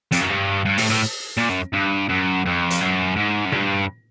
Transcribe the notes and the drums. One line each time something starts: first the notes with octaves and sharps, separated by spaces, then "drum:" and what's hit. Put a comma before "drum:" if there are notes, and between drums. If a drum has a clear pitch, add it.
F2, drum: hi-hat
F#2
G2
G2
A2, drum: open hi-hat
A2
A#2
F#2
G2
F#2
F2
drum: hi-hat
F#2
G#2
F#2
G2, drum: tom A#2